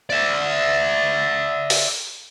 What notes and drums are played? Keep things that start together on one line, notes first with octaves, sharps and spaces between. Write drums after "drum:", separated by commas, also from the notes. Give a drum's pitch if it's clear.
D5 E5
drum: open hi-hat